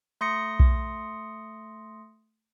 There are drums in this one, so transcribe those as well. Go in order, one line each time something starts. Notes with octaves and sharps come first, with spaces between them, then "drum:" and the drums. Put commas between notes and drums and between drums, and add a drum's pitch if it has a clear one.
A3 C6 D#6 A#6 C#7
drum: kick B1